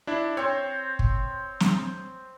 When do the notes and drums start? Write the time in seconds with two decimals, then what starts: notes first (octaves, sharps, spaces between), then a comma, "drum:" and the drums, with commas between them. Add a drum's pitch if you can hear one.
0.07 D4 E4
0.37 C4 C5 C#5
0.99 drum: kick
1.60 drum: snare